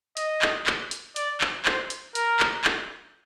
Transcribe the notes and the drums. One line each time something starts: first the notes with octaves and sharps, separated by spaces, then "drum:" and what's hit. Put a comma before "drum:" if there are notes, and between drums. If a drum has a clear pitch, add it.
D#5, drum: hi-hat
drum: clap
drum: clap
drum: hi-hat
D5, drum: hi-hat
drum: clap
C5, drum: clap
drum: hi-hat
A#4, drum: hi-hat
drum: clap
drum: clap